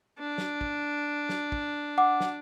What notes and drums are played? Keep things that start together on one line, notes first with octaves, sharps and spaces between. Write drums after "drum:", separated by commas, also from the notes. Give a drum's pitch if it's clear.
D4
drum: snare
drum: kick
drum: snare
drum: kick
F#5 D6
drum: snare